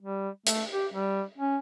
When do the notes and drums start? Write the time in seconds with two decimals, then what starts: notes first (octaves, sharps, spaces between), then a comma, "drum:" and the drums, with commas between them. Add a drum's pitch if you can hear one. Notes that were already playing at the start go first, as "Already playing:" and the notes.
0.01 G3
0.46 A3, drum: hi-hat
0.72 G4
0.94 G3
1.38 C#4